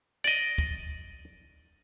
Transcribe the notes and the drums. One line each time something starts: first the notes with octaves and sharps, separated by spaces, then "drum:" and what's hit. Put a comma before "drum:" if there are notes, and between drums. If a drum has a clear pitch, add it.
D5 D#5, drum: hi-hat
drum: kick